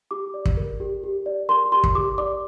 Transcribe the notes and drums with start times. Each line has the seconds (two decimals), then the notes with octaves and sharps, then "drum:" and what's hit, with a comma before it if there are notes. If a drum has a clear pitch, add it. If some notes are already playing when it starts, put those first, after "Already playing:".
0.11 G4 D6
0.34 D5
0.46 drum: kick
0.57 A#4
0.80 G4
1.04 G4
1.26 D5
1.49 A#4 C6
1.72 G4 C6
1.84 drum: kick
1.95 G4 D6
2.18 D5 D6